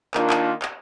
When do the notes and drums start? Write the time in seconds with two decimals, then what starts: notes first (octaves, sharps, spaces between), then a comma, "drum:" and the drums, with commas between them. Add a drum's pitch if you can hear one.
0.14 D#3 A#3 D4 F4, drum: clap
0.30 drum: clap
0.62 drum: clap